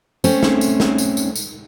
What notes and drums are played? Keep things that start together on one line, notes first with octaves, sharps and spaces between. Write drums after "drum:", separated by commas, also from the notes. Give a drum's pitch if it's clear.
A3 C4 C#4, drum: tambourine
drum: snare
drum: tambourine
drum: snare
drum: tambourine
drum: tambourine
drum: tambourine